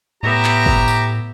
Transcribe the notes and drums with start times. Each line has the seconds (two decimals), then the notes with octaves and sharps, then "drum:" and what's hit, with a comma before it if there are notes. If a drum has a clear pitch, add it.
0.23 A2 B3 G4 C#5 E5 A#5
0.45 drum: clap
0.66 drum: kick G1
0.88 drum: tambourine